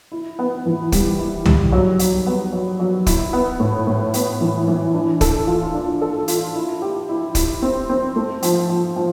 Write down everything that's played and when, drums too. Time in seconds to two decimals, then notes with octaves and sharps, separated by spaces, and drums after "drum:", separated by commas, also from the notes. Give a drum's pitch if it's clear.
0.12 E4
0.39 B3
0.66 E3
0.92 G3, drum: kick, hi-hat
1.19 E4
1.46 G3, drum: tom
1.72 F#3
1.99 F#3, drum: hi-hat
2.27 B3
2.52 F#3
2.80 F#3
3.07 E4, drum: kick, hi-hat
3.33 B3
3.60 A2
3.87 A2
4.14 B3, drum: hi-hat
4.41 E3
4.68 E3
4.94 D4
5.21 A4, drum: kick, hi-hat
5.47 F4
5.74 D4
6.01 A4
6.28 F4, drum: hi-hat
6.55 E4
6.82 G4
7.09 E4
7.35 E4, drum: kick, hi-hat
7.62 C4
7.90 C4
8.16 A3
8.43 F3, drum: hi-hat
8.69 F3
8.96 F3